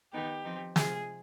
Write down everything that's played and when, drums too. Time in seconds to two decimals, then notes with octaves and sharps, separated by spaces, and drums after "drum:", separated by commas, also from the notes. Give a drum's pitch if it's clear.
0.13 D#3 B3 D#4 G4
0.45 F3 C4 D#4
0.76 C3 F3 G#3 G#4, drum: snare